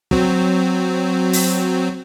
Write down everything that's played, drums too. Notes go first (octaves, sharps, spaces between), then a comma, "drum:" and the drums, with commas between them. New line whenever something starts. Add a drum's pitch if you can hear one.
F#3 C4, drum: kick
drum: open hi-hat